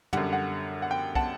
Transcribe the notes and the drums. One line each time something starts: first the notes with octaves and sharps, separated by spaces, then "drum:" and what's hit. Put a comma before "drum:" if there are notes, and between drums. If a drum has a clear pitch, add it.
F#2 D3 G3 F#5, drum: tom
F#5
F#5
G5
F#5 A5, drum: kick